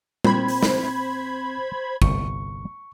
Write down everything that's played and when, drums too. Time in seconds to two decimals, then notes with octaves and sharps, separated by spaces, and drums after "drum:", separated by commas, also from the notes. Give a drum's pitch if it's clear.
0.24 A#2 C4 C5 B5 G#6, drum: tom G3
0.48 drum: open hi-hat
0.63 drum: snare
2.02 G1 C2 C#6, drum: kick